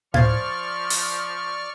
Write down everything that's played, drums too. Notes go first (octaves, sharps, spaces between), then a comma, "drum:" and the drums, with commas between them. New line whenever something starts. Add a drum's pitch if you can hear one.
F3 C5 D5 F5 C#6 F6 G#6 A6, drum: tom A2
drum: open hi-hat